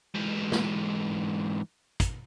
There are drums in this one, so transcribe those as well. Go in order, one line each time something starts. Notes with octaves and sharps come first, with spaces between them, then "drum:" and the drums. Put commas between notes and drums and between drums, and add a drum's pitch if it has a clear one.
G#2 E3
drum: snare
drum: kick, hi-hat